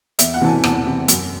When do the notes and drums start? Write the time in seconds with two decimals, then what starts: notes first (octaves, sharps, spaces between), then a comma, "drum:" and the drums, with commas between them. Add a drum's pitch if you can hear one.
0.19 E2 E5, drum: hi-hat
0.34 F#5
0.41 C3 E3 A5
0.49 G#5
0.64 E2 A5, drum: rim click
0.86 C3 E3
1.08 F#2, drum: hi-hat